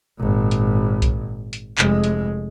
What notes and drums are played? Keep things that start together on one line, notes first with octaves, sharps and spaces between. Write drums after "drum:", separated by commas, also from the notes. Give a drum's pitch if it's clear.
G#1 A#2
drum: hi-hat
drum: kick B1, hi-hat
drum: hi-hat
F1 G#3, drum: clap
drum: hi-hat